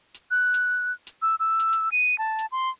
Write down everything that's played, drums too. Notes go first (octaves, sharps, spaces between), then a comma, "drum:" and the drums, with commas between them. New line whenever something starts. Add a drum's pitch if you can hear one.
drum: hi-hat
F#6
drum: hi-hat
drum: hi-hat
E6
E6
drum: hi-hat
drum: hi-hat
D#7
A5
drum: hi-hat
C6